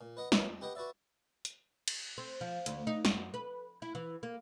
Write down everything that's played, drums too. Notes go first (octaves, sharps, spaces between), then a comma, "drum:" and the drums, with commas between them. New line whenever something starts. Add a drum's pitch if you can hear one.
A#2
B4 D#5 F#5
F3 F#3 A#3 B3 D#4 E4, drum: snare
F2
G4 B4 D#5 F#5 G5
F#4 B4 D5 E5
drum: hi-hat
drum: cymbal
C4
F3
D2, drum: hi-hat
D#4
F#2, drum: snare
B4
E4
E3
A#3